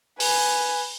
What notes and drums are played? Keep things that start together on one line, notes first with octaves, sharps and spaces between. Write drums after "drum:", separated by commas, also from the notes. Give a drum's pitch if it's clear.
B4 G#5, drum: open hi-hat